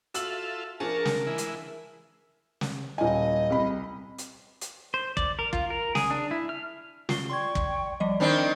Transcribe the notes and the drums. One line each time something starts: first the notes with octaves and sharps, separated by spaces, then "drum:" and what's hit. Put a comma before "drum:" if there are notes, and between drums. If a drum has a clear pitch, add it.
F4 F#4 A4 E5 E6 F#7, drum: hi-hat
F3 D4 G#4 A#4 A5 A#5 C#6
drum: snare
E3 G#3 E4
drum: hi-hat
drum: snare
D#1 D#5 G#5
C2 B5
drum: hi-hat
drum: hi-hat
C5
D5, drum: kick
A#4
F4, drum: kick
A#4
G#4, drum: snare
D4
E4
F6
F4 C7 G7, drum: snare
D5 G5 C6 C#6 G#6
drum: kick
F3 G3 D5 D#5
D#3 C4 D4 B5